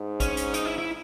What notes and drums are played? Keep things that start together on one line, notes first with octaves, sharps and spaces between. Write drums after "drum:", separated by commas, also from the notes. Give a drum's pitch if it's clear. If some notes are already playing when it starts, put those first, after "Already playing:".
Already playing: G#2
C#4, drum: kick, hi-hat
drum: hi-hat
D#4, drum: hi-hat
E4
E4